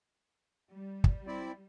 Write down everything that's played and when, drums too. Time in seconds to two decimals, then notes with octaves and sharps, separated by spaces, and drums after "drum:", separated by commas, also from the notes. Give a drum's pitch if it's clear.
0.72 G3
1.04 drum: kick
1.27 C4 E4 D5